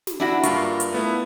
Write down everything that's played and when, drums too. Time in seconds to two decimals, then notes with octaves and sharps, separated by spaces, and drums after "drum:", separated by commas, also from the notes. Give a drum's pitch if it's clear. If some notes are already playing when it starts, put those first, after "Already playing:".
0.07 drum: snare
0.20 D4 E4 F#4
0.43 G2 A#3 F4 C#6, drum: hi-hat
0.80 drum: hi-hat
0.93 A3 B3 E4